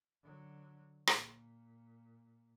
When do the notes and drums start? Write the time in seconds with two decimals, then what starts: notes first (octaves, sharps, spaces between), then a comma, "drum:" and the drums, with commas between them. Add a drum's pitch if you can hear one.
0.23 D3 F#3
1.07 A#2, drum: rim click